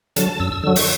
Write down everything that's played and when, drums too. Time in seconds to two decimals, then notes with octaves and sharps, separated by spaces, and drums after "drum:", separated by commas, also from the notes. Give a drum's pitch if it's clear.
0.16 D3 F#3 A5, drum: hi-hat
0.40 F#2 E6
0.52 E6
0.64 D3 F#3 E6
0.76 C#6, drum: open hi-hat